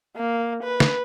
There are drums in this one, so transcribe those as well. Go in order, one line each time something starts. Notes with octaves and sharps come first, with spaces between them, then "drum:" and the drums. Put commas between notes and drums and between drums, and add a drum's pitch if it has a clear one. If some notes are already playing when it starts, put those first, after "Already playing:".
A#3
B4
drum: snare